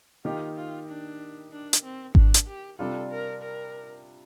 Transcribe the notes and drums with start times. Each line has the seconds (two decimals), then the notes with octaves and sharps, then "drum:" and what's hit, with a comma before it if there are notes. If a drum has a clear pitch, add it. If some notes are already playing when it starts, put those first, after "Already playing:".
0.25 D#3 A#3 D#4 F4 G4
0.56 F4
0.88 D4
1.52 D4
1.73 drum: hi-hat
1.83 C4
2.15 D4, drum: kick G#1
2.34 drum: hi-hat
2.47 G4
2.79 C3 G3 D4 F4 A4
3.11 A#4
3.42 A#4